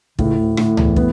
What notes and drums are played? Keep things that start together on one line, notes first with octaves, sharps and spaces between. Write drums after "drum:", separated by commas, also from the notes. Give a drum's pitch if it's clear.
C#2 A2 C#3, drum: kick
D2 D3
D2 A2 D3, drum: rim click
E2 E3, drum: tom C#2
B3, drum: kick